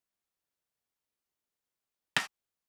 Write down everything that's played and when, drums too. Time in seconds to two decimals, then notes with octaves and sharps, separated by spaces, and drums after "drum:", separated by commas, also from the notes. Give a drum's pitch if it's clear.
0.23 C4 D#4 G4 C#5
2.16 drum: rim click